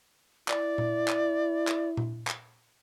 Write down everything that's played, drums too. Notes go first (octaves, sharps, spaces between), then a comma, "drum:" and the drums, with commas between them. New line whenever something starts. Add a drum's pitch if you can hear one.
E4 D5, drum: clap
drum: tom A#2
drum: clap
drum: clap
drum: tom A#2
drum: clap